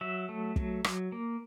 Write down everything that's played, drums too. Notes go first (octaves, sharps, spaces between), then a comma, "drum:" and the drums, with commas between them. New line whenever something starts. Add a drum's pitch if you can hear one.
F#3 E5
A3
F#3, drum: kick
F#3, drum: rim click
A#3